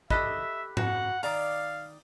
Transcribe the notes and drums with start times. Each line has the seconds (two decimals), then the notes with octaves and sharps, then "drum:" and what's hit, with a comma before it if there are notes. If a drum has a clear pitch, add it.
0.10 G4 A4 D#5 E5 B5 F#6 B6, drum: kick
0.77 F#4 F#5, drum: tom G#2
1.23 D#3 D5 F5 A#5, drum: open hi-hat